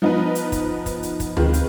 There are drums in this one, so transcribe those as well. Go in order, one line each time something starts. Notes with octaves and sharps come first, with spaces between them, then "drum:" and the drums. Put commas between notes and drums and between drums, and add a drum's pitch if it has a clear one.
F3 B3 D#4 B4
drum: hi-hat
drum: kick, hi-hat
drum: kick, hi-hat
drum: hi-hat
drum: kick, hi-hat
D#3 G#3 C4 F4 B4, drum: tom D2
drum: hi-hat